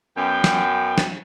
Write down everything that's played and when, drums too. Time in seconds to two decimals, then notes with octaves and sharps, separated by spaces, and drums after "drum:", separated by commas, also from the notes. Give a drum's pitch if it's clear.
0.17 F#2 B3 G5
0.44 drum: snare
0.98 drum: snare